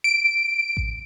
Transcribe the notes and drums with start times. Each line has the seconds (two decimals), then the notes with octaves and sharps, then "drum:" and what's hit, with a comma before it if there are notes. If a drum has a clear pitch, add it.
0.04 D7
0.77 drum: kick A1